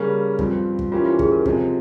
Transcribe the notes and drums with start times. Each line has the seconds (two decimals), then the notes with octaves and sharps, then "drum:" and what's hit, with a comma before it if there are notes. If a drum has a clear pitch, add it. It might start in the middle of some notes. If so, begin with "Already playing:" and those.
Already playing: C#3 G3 A#3 C#4 G#4 A#4
0.39 G2 F3 C4, drum: kick
0.79 drum: kick
0.92 E3 A#3 C#4 F4 G4 C5
1.06 F4
1.19 G#4, drum: kick
1.32 A#4
1.46 C3 F3 G#3 C5, drum: kick